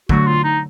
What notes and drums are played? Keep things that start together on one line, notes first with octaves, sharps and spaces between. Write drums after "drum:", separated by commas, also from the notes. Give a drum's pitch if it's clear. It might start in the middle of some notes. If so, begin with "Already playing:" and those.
D3 F#3 A3 F#4, drum: kick
F4
D#4